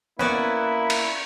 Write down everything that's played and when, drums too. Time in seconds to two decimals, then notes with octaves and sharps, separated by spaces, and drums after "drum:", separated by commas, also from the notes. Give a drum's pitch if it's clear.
0.19 A#3 B3 C#4 E4 F#4 D5
0.90 drum: cymbal